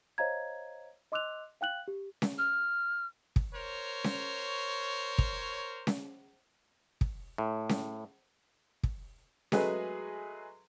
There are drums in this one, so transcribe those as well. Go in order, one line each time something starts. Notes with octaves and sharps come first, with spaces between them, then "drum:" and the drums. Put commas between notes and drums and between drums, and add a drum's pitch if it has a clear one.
C5 C#5 D#5 F5 A#5 G#6
D#5 C6 D6 E6 F#6 F7
F5 G5 F#6 F#7
G4
drum: snare C#4
F6
drum: kick
A#4 C5 C#5
drum: snare C#4
drum: kick
drum: snare C#4
drum: kick
A2
drum: snare C#4
drum: kick
F#3 G#3 A3 G#4 B4, drum: snare C#4